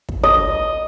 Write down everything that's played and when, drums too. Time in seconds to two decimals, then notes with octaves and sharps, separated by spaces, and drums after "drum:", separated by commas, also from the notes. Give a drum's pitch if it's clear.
0.09 drum: kick
0.24 D#5, drum: kick